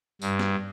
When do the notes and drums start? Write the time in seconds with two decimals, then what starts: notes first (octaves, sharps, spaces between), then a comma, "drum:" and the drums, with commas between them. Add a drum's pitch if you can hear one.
0.22 G2, drum: tambourine
0.39 drum: snare